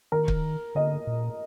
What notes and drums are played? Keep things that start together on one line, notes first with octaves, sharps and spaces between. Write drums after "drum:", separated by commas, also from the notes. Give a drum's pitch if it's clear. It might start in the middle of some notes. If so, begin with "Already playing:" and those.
D#3 A#4
drum: kick
D3 D#5
A#2